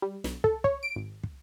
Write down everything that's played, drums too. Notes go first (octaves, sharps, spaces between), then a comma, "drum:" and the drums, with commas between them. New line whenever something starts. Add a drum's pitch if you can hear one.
G3
B1, drum: snare
A4, drum: kick
C#5, drum: kick
D7
G#1
drum: kick